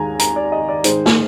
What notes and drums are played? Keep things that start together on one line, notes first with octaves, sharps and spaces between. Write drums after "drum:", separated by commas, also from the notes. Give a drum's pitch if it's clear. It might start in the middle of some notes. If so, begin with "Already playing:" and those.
Already playing: D#2 D#3 G#3 G#5 A#5
A#5, drum: hi-hat
D5
D#5
D5
G#2 D#3 G#3 C5, drum: hi-hat
drum: snare